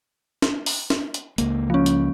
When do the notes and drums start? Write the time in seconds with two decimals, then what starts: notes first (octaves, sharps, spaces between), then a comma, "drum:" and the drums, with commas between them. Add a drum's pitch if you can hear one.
0.42 drum: snare
0.66 drum: open hi-hat
0.90 drum: snare
1.14 drum: hi-hat
1.38 C#2 A#3, drum: hi-hat
1.70 F3 C#4
1.86 drum: hi-hat